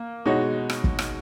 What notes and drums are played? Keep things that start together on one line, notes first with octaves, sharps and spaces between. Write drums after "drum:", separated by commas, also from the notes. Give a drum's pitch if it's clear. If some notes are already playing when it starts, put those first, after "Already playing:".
Already playing: A#3
B2 G#3 D#4 F#4 C#5
drum: rim click
drum: kick
drum: rim click